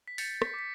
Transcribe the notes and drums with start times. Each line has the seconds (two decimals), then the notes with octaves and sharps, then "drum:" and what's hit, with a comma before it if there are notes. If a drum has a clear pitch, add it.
0.08 B6
0.18 G6 A6 C#7, drum: open hi-hat
0.42 B6, drum: rim click
0.54 D6
0.59 B6